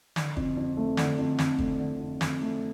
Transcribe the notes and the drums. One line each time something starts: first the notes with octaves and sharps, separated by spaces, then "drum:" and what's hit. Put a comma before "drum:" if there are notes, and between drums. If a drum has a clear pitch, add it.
D3, drum: snare
F2, drum: kick
F2
A3
D3, drum: snare
F2
F2, drum: snare
A3, drum: kick
D3
F2
F2, drum: snare
A3